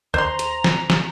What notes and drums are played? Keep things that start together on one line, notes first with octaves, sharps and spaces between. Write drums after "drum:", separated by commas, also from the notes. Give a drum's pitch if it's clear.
D#2 C5 A#5 C6
drum: hi-hat
drum: snare
drum: snare